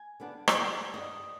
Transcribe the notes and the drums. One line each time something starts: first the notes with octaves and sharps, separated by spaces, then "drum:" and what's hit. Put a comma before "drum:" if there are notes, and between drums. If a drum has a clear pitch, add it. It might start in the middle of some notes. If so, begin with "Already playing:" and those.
Already playing: G#5
D3 G3 B3 D4
G#5, drum: rim click
D3 G3 B3 D4 G5
G2 D3 G3 D#5